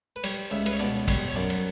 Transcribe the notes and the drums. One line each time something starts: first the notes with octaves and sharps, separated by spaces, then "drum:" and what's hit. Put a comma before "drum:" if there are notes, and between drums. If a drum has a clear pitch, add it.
B4
G3 C#5, drum: cymbal
C#2 E5
B4, drum: cymbal
C#5
B2 D5
G3 C#5, drum: kick, cymbal
C#5
F#2 D5
drum: cymbal